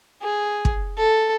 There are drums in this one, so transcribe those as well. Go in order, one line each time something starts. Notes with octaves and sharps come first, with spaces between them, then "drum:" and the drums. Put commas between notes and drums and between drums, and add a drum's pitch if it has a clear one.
G#4
drum: kick
A4